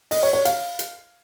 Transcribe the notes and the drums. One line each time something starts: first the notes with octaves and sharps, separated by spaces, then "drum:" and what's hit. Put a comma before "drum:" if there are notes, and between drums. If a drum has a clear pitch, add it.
D#5, drum: open hi-hat
C#5
C#5
F5, drum: hi-hat
drum: hi-hat